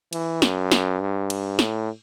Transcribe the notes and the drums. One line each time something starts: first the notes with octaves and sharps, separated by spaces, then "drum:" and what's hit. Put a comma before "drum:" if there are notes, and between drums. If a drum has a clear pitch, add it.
E3, drum: cymbal
F#2, drum: snare
drum: snare
G2
drum: cymbal
A2, drum: snare